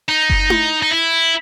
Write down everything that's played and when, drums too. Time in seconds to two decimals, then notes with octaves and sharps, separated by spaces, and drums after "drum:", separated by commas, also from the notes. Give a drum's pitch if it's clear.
0.09 D#4
0.30 drum: kick F#1
0.50 drum: tom E4
0.82 D#4
0.91 E4